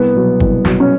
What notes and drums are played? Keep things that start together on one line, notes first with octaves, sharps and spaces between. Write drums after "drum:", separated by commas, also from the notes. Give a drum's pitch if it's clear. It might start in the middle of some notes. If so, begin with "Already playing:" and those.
Already playing: C2 B3
B2 F#3
C2, drum: kick G1
B2 F#3, drum: snare
C#4